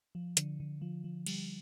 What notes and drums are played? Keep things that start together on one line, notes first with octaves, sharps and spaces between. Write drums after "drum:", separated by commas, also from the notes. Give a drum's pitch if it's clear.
F3
D3, drum: hi-hat
D3
F3
F3
G3, drum: cymbal